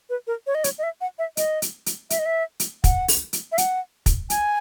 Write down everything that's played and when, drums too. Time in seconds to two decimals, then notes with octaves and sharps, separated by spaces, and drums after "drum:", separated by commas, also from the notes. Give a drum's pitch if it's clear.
0.10 B4
0.27 A#4
0.47 C#5
0.55 D#5
0.64 C#5, drum: hi-hat
0.78 D#5
0.83 E5
1.01 F#5
1.19 E5
1.37 D#5, drum: hi-hat
1.62 drum: hi-hat
1.86 drum: hi-hat
2.10 E5, drum: hi-hat
2.19 D#5
2.26 E5
2.60 drum: hi-hat
2.84 F#5, drum: kick, hi-hat
3.08 drum: open hi-hat
3.33 drum: hi-hat
3.52 E5
3.58 F#5, drum: hi-hat
4.06 drum: kick, hi-hat
4.30 G#5, drum: hi-hat